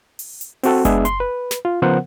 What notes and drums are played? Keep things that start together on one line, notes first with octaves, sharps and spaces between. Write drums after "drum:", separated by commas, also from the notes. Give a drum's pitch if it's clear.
drum: open hi-hat
drum: hi-hat
C4 F#4 A4, drum: open hi-hat
G#3 B3 D4 G#4 E5, drum: kick F#1, hi-hat
C6, drum: hi-hat
B4
drum: snare
F4
C#3 F3 B3 A#4 C5 F#5